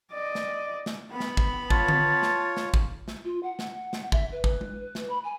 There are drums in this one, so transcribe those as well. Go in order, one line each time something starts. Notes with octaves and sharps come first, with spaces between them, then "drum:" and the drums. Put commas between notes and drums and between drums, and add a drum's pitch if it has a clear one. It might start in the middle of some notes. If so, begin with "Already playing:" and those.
D5 D#5
drum: snare
drum: snare
B3 B5
drum: snare
drum: kick
F4 C#5 A5, drum: kick
drum: tom D3
drum: snare
drum: snare
drum: kick
drum: snare
F4
F#5
drum: snare
drum: snare
E5, drum: kick
B4
drum: kick
drum: tom G#3
drum: snare
B5
G#5